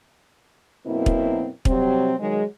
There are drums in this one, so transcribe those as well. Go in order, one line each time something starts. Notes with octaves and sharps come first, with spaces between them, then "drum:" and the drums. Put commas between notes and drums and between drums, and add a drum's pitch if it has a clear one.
F#2 B2 A#3 C4 E4
drum: kick
C3 F#3 G3 C4, drum: kick
D#3 F#3 G#3